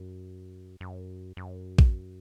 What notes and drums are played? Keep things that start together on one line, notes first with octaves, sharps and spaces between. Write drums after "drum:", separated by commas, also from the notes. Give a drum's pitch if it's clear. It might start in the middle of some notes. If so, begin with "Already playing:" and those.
Already playing: F#2
F#2
F#2
drum: kick A#1